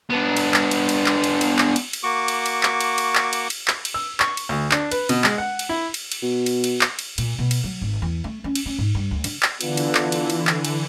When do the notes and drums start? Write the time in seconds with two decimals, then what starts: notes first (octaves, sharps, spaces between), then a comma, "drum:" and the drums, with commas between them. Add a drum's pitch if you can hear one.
0.10 B3 D4
0.37 drum: cymbal
0.54 drum: clap
0.71 drum: cymbal
0.89 drum: cymbal
1.06 drum: clap
1.24 drum: cymbal
1.41 drum: cymbal
1.59 drum: clap
1.76 drum: cymbal
1.93 drum: cymbal
2.03 A#3 F#4 C#6 D6
2.28 drum: cymbal
2.46 drum: cymbal
2.63 drum: clap
2.81 drum: cymbal
2.98 drum: cymbal
3.15 drum: clap
3.33 drum: cymbal
3.50 drum: cymbal
3.68 drum: clap
3.85 drum: cymbal
3.94 E6
4.20 C#6, drum: clap
4.37 drum: cymbal
4.49 D2
4.71 D4, drum: clap
4.92 B4, drum: cymbal
5.09 B2, drum: cymbal
5.24 G#3, drum: clap
5.38 F#5
5.59 drum: cymbal
5.69 E4
5.94 drum: cymbal
6.12 drum: cymbal
6.22 B2
6.46 drum: cymbal
6.64 drum: cymbal
6.81 drum: clap
6.99 drum: cymbal
7.18 A#2, drum: cymbal
7.39 B2
7.51 drum: cymbal
7.64 F#3
7.81 G#1
8.02 E2
8.24 A3
8.44 C#4
8.55 drum: cymbal
8.66 C#4
8.78 G#2
8.95 G2
9.11 D2
9.24 D3, drum: cymbal
9.43 drum: clap
9.61 D3 E3 B3 D4 F4, drum: cymbal
9.77 drum: cymbal
9.95 drum: clap
10.12 drum: cymbal
10.30 drum: cymbal
10.47 drum: clap
10.65 drum: cymbal